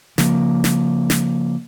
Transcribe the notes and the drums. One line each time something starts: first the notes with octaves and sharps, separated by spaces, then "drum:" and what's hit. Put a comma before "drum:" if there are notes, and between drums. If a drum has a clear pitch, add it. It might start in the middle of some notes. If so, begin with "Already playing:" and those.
C#3 F3 A#3, drum: snare
drum: snare
drum: snare